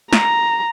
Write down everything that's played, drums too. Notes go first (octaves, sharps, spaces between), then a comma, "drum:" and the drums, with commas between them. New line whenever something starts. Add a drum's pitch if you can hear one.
A#5, drum: snare